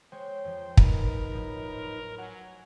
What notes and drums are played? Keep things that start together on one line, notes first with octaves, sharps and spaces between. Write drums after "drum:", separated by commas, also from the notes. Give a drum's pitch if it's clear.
G#3 C5 C#5 G5
F2 F3
D#4 A#4 B4, drum: kick
A2 F3 F#3
C5
F#3 F#5 G#5